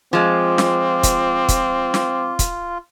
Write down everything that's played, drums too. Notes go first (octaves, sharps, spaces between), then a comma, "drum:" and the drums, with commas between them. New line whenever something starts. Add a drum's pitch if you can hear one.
F3 G#3 C4 F4 D6
drum: snare
drum: kick, hi-hat
drum: kick, hi-hat
drum: snare
drum: kick, hi-hat